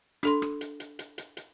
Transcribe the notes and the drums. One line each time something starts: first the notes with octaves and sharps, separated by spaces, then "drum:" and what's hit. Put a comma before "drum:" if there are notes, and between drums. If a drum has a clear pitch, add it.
D4 A4 C6, drum: rim click
drum: rim click
drum: hi-hat
drum: hi-hat
drum: hi-hat
drum: hi-hat
drum: hi-hat